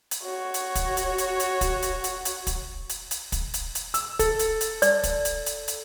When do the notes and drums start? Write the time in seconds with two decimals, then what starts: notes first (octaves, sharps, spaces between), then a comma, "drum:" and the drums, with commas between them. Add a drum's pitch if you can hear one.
0.11 drum: hi-hat
0.24 F#4 C#5
0.54 drum: hi-hat
0.75 drum: kick, hi-hat
0.97 drum: hi-hat
1.18 drum: hi-hat
1.40 drum: hi-hat
1.61 drum: kick, hi-hat
1.82 drum: hi-hat
2.04 drum: hi-hat
2.25 drum: hi-hat
2.47 drum: kick, hi-hat
2.89 drum: hi-hat
3.11 drum: hi-hat
3.32 drum: kick, hi-hat
3.54 drum: hi-hat
3.75 drum: hi-hat
3.94 E6, drum: hi-hat
4.19 A4, drum: kick, hi-hat
4.39 drum: hi-hat
4.61 drum: hi-hat
4.82 D5, drum: hi-hat
5.03 drum: kick, hi-hat
5.25 drum: hi-hat
5.46 drum: hi-hat
5.68 drum: hi-hat